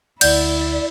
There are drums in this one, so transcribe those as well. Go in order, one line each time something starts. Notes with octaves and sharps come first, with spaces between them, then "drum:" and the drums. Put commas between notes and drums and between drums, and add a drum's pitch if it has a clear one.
D2 E4 D5 F#5 G6, drum: cymbal